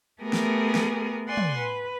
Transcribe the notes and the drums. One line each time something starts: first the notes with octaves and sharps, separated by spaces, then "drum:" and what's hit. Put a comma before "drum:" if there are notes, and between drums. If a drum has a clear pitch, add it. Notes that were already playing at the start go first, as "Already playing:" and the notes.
A3 B3 G4 G#4 A#4
drum: snare
drum: snare
D5 F#5 G#5 C6
drum: tom
B4